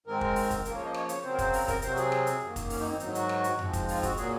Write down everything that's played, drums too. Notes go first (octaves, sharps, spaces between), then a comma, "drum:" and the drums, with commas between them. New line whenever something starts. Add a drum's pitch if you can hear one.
G#2 D#3 G#3 C4 A#4
drum: kick
drum: open hi-hat
drum: kick, hi-hat
C#3 F3 A#3 A#4, drum: hi-hat
C#5
D#5
C#5, drum: rim click
C#5, drum: hi-hat
C#3 F#3 C4 C5
A#4
C5, drum: kick, hi-hat
A#4, drum: open hi-hat
A#4, drum: kick, hi-hat
C3 F#3 C4 C5, drum: hi-hat
F#4
G#4, drum: hi-hat
drum: rim click
drum: hi-hat
F#2 D#3 A#3
drum: kick, hi-hat
C#4, drum: open hi-hat
D#4
C4
G#2 D#3 F#3 D#4, drum: hi-hat
F#4, drum: hi-hat
drum: rim click
drum: hi-hat
G#2 F3 G#3 C4, drum: tom F2
drum: kick, hi-hat
F4, drum: open hi-hat
F#4, drum: kick, hi-hat
A#2 F#3 A#3 G#4, drum: hi-hat